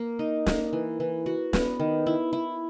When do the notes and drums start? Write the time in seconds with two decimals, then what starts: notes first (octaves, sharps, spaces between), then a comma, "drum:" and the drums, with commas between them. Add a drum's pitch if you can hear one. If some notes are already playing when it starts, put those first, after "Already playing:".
Already playing: A#3
0.19 D#4
0.46 A#3, drum: snare
0.73 E3
1.00 E3
1.26 F#4
1.53 B3, drum: snare
1.80 D#3
2.06 E4
2.33 E4